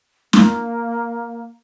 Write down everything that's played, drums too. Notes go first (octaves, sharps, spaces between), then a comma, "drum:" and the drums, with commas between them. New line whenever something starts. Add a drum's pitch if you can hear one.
A#3, drum: snare